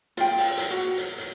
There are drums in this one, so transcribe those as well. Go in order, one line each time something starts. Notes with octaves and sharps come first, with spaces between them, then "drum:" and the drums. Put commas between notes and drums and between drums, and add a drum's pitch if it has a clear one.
F4 G5, drum: hi-hat
drum: open hi-hat
drum: hi-hat
F#4
drum: hi-hat
drum: hi-hat